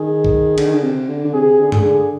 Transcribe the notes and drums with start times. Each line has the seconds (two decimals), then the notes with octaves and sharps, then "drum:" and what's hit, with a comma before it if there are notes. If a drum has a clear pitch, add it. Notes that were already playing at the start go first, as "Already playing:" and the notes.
Already playing: D#3 G#4
0.25 drum: kick
0.58 D3, drum: cymbal
0.66 D#3
0.74 D3
0.83 C3
1.09 D3
1.25 D3
1.33 C3 G#4
1.60 D3
1.72 G#4, drum: tom G2
1.85 D3